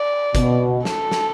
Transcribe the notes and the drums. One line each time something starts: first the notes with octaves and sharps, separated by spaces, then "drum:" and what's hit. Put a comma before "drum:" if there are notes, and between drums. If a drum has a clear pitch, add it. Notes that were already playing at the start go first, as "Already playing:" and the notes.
Already playing: D5
B2, drum: kick, hi-hat
A4, drum: snare
drum: snare